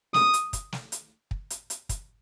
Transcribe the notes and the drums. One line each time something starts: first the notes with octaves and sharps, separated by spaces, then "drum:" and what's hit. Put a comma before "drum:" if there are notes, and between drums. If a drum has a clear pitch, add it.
D#6, drum: snare
drum: hi-hat
drum: kick, hi-hat
drum: snare
drum: hi-hat
drum: kick
drum: hi-hat
drum: hi-hat
drum: kick, hi-hat